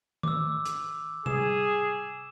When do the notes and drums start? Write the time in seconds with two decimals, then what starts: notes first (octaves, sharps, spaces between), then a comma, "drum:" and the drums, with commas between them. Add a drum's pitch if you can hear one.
0.23 D6 E6, drum: tom D#3
0.65 drum: hi-hat
1.26 G#4 E7, drum: tom C3